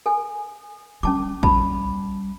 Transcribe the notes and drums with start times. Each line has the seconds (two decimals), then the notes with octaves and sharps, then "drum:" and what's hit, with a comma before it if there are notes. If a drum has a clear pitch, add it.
0.06 A4 G#5
1.03 G3 C#4 A5 D6
1.43 G3 A5 B5, drum: kick